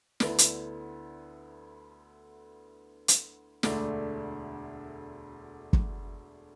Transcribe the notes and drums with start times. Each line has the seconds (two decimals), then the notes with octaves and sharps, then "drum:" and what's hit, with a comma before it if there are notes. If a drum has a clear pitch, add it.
0.20 D2 D3 B3 E4 A4, drum: snare
0.38 drum: hi-hat
3.08 drum: hi-hat
3.63 E1 D2 D3 A3 D4, drum: snare
5.73 drum: kick